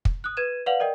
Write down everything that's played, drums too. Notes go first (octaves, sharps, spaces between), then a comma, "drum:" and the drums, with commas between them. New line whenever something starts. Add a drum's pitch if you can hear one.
drum: kick
D#6 F#6
B4 G#6 D#7 E7
B4 D5 F5 F#5 F7 F#7
A#4 D5 D#5 G5